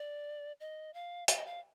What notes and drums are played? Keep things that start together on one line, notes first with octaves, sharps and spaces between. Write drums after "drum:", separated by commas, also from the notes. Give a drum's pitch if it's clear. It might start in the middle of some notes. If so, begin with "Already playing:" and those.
Already playing: D5
D#5
F5
F5, drum: hi-hat
D#5
F5